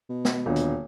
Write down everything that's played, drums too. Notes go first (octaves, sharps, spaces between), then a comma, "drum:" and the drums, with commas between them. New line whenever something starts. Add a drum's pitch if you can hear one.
B2
drum: snare
D#1 D3
drum: hi-hat